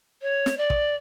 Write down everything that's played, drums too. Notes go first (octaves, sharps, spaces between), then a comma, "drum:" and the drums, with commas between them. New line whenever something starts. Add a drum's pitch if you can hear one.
C#5
drum: snare
D5
drum: kick